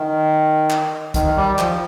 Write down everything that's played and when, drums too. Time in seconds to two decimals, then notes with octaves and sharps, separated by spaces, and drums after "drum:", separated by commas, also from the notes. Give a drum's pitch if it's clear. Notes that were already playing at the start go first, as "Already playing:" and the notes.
Already playing: D#3
0.70 drum: clap
1.14 D#3, drum: kick, hi-hat
1.37 G3
1.59 F3, drum: clap